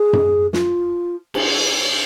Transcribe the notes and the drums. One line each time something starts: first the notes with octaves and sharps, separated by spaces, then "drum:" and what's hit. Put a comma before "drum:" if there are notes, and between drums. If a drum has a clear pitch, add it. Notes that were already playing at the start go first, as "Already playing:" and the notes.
Already playing: G#4
drum: tom F#2
F4, drum: snare
drum: cymbal